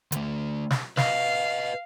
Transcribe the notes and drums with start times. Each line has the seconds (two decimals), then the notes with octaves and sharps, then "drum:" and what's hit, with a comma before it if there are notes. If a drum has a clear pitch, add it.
0.12 D3 A3, drum: hi-hat
0.70 drum: snare
0.97 B4 D#5 F5, drum: snare